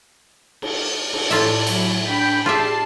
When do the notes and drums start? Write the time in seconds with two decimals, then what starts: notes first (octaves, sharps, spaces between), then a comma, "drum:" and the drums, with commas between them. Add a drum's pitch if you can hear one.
0.62 drum: cymbal
1.13 drum: cymbal
1.31 A2 F4 D5 E5 A5, drum: hi-hat
1.67 F#3 E4, drum: cymbal
2.08 D4 G5 B5
2.46 D4 F4 G4 G#4 E5 A5 C7